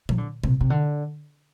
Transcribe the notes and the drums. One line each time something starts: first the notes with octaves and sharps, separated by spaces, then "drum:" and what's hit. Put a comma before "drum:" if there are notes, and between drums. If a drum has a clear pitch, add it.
F3, drum: tom A#2
D3
C3, drum: tom A#2
C3
D3